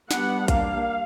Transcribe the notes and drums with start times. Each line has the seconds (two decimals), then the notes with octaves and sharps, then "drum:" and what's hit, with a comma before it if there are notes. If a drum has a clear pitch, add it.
0.11 G3 B3 D4 F#5, drum: snare
0.48 G3 A#3 D4 F5, drum: kick, hi-hat